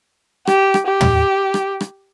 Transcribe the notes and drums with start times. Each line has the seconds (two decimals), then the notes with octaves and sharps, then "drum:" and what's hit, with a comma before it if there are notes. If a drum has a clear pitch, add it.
0.47 G4, drum: rim click
0.74 drum: rim click
0.87 G4
1.01 drum: tom
1.54 drum: rim click
1.81 drum: rim click